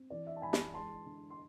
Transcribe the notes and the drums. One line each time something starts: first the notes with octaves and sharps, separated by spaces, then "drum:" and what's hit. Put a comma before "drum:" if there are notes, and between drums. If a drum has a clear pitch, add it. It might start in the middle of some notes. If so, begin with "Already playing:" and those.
Already playing: C4
E3 D5
E5
A5
E3 G#5 B5
drum: snare
G#3 A5 C6
D3
C6